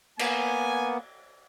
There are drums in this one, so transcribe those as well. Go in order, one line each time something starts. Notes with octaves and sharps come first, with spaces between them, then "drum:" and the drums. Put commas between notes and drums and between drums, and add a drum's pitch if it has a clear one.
A#3 B3 G#5, drum: cymbal